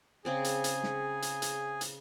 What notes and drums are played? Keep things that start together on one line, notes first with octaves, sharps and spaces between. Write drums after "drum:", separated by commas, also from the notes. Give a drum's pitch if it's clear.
C#3 C4 G#4 D5
drum: hi-hat
drum: hi-hat
drum: snare
drum: hi-hat
drum: hi-hat
drum: hi-hat